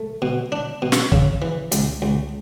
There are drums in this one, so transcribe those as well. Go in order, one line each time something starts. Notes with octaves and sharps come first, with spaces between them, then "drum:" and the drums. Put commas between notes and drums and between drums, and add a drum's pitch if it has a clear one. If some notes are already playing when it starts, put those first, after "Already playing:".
Already playing: A3
B2
D4
B2
drum: snare
C#3, drum: kick
E3
C#2, drum: hi-hat
C#2